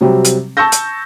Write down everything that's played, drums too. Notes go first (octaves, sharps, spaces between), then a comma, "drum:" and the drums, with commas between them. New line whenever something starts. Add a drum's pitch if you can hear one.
C3 F#3 G3 C4
drum: hi-hat
A5 C#6 E6 G6 A#6
drum: hi-hat